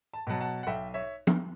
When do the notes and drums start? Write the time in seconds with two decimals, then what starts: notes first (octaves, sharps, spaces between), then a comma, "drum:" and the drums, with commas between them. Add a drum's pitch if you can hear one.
0.14 A5
0.27 B2 F#3 F#5 A5
0.41 F#5 A5
0.63 F#5
0.67 B1 E5 G5
0.94 C#5 E5
1.27 drum: tom